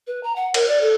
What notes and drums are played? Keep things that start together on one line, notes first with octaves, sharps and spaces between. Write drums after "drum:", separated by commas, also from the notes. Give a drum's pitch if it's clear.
B4
A#5
F#5
A#4, drum: cymbal
D5
A4